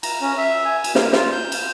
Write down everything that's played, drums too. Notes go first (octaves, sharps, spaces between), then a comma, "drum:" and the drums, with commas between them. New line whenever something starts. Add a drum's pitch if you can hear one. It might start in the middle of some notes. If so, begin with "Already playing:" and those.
A#5, drum: cymbal
C#4
E5
G#5
drum: cymbal
A#3, drum: snare
F4, drum: snare
G6
drum: cymbal